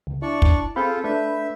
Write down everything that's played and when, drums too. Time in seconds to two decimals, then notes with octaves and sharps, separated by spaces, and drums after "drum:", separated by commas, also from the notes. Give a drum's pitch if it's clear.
0.07 C#2
0.22 D4 E4 D5 C#6
0.42 drum: kick
0.76 C4 F4 G#4 A4 F5 B5 G6
1.04 A3 D4 B4 E5